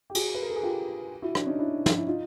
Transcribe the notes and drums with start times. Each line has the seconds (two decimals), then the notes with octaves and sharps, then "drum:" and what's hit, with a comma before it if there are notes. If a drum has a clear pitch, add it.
0.10 G4
0.15 F#4 G#4, drum: cymbal
0.35 B4
0.42 A#4
0.50 A4
0.56 G#4
0.63 F4 G4
1.22 E4 F#4
1.35 D4 E4, drum: rim click
1.46 C#4 D#4
1.59 D4 E4
1.86 drum: snare
1.97 E4
2.07 D#4 F4